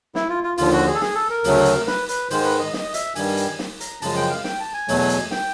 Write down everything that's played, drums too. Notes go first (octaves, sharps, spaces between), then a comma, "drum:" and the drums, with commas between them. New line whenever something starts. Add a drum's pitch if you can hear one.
E4, drum: snare
F4
F4
D#2 D3 F3 F4, drum: open hi-hat
F#4
G#4
A4
G#4, drum: snare
A4
A#4
D2 C#3 F#3 A3, drum: open hi-hat
drum: hi-hat
B4, drum: snare
B4, drum: hi-hat
G#2 D#3 G#3 C5, drum: open hi-hat
B4
D#5
D#5, drum: snare
D#5
E5, drum: hi-hat
G2 D#3 G3 G#5, drum: open hi-hat
drum: hi-hat
drum: snare
A#5, drum: hi-hat
F#2 C#3 F3 G#3 A5, drum: open hi-hat
G5
F5
G5, drum: snare
A5
G#5
E2 B2 F#3 A3, drum: open hi-hat
drum: hi-hat
G5, drum: snare